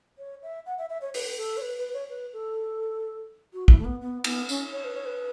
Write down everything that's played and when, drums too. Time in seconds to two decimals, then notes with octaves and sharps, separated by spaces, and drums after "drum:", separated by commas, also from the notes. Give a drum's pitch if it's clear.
0.18 C#5
0.43 E5
0.66 F#5
0.78 E5
0.90 E5
1.01 C#5
1.14 B4, drum: open hi-hat
1.38 A4
1.57 C#5
1.62 B4
1.78 B4
1.94 C#5
2.10 B4
2.33 A4
3.53 F#4
3.68 E4, drum: kick
3.79 A3
3.85 B3
4.01 B3
4.24 B3, drum: cymbal
4.49 C#4, drum: tambourine
4.73 C#5
4.85 B4
4.95 C#5
5.06 B4